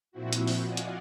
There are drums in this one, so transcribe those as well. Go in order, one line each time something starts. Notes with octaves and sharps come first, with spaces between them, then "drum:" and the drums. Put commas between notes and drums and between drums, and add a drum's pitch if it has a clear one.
A#2 F3 C4 E4 F#4
drum: hi-hat
drum: open hi-hat
D5 D#5 F5 F#5 G#5
drum: hi-hat